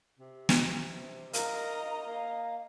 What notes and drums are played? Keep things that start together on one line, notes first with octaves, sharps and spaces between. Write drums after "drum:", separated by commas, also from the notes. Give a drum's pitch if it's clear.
C3
drum: snare
A#4 D#5 F5 A#5, drum: hi-hat
A#3 F5